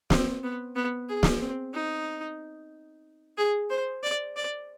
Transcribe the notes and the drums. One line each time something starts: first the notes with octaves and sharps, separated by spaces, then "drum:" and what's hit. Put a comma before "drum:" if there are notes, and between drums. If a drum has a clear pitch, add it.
C4, drum: snare
B3
B3
G#4
drum: snare
C4
D#4
G#4
C5
D5
D5